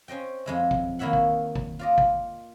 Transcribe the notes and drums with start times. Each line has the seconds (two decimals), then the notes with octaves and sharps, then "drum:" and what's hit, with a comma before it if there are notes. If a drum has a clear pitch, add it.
0.08 C#4 C5 D#5 G5
0.46 F2 G#3 E4
0.71 drum: kick G#1
0.99 D#3 A#3 E4 C#5 E5 F#5
1.13 drum: kick G#1
1.55 drum: kick G#1
1.79 F4 D5 D#5
1.98 drum: kick G#1